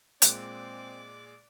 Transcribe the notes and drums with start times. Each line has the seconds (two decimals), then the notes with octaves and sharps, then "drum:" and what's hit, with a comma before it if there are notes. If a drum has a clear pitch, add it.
0.22 A#2 G#3 C4 D5 D6 F#6, drum: hi-hat